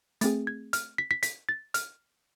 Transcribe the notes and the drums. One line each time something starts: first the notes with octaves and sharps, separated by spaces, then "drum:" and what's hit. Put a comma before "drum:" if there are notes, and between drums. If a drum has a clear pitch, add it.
A3 C4 G#4 A6, drum: hi-hat
G#6
F6, drum: hi-hat
B6
B6
B6, drum: hi-hat
A6
F6, drum: hi-hat